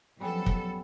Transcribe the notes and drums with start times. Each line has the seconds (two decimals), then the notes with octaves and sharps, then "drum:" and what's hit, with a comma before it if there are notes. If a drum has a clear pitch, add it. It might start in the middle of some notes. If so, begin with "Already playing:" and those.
0.20 F2 F#3 G3 B3 C#4 A4
0.46 drum: kick